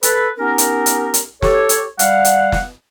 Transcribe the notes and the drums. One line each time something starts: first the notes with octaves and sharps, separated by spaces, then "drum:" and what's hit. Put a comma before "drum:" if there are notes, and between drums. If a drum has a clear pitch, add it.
A4 B4, drum: hi-hat
B3 C#4 D#4 G4 A#4
drum: hi-hat
drum: hi-hat
drum: hi-hat
G4 A4 C#5, drum: snare
drum: hi-hat
G3 F5 F#5, drum: hi-hat
drum: hi-hat
drum: snare